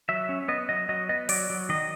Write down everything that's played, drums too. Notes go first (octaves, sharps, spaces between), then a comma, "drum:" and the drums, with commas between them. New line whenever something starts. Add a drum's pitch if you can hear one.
F#3 E5
C#4
B3 D#5
F#3 D#5
F#3 D#5
B3 D#5
F#3 D5, drum: open hi-hat
F#3
D#3 D#5